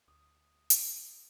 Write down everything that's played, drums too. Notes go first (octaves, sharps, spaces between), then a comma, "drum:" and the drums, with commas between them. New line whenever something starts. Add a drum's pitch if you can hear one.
D2 D#6
drum: hi-hat